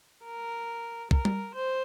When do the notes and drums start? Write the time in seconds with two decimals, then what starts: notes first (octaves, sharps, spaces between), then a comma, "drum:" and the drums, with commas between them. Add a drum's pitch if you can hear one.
0.24 A#4
1.11 A#4, drum: kick
1.25 drum: tom G3
1.54 C5